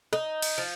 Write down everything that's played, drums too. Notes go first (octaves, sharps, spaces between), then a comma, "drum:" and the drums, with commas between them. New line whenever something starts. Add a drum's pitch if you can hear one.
D#4, drum: rim click
drum: cymbal
F3